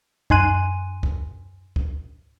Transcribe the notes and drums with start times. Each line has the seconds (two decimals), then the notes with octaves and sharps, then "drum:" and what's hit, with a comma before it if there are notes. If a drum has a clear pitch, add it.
0.30 F#2 D#4 G#5 C6 F#6 D#7, drum: kick C#2
1.03 drum: kick C#2
1.76 drum: kick C#2